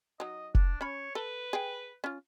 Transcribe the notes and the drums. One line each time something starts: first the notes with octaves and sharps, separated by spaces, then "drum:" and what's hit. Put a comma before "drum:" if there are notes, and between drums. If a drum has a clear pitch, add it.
F#3 D#4 D#5
D4, drum: kick F1
C#4 C#5 B5
A4 B4
G#4 G5
C#4 F4